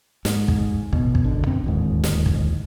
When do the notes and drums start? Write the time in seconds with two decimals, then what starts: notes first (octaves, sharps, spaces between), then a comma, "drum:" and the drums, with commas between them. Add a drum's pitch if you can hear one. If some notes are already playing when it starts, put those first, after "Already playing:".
0.25 G#2, drum: snare
0.48 drum: kick
0.93 A1 B2, drum: kick
1.15 drum: kick
1.24 G#1 D3
1.47 F#2 C4
1.64 D1 D#2 G#2
2.04 drum: snare
2.26 drum: kick